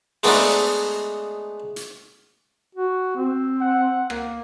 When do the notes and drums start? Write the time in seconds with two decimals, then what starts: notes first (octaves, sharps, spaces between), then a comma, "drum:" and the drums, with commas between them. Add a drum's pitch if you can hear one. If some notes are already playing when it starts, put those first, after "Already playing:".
0.23 G#3 A3 B3 D4 D#4, drum: open hi-hat
1.76 drum: hi-hat
2.75 F#4
3.16 C4
3.61 F#5
4.10 A#3, drum: rim click